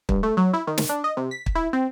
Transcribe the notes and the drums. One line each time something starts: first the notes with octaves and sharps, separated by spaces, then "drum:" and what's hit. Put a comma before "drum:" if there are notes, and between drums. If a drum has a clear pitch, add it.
G2, drum: kick
A3
F#3
E4
D#3
drum: snare
D4
D#5
C3
B6
drum: kick
E4
C4